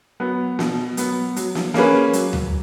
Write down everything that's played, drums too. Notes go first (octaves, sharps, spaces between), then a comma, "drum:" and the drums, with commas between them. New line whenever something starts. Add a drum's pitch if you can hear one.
F#3 B3
B2, drum: snare
F#3 B3, drum: hi-hat
F#3, drum: hi-hat
drum: snare
A#3 C#4 G#4 B4, drum: snare
F#3, drum: hi-hat
drum: tom D2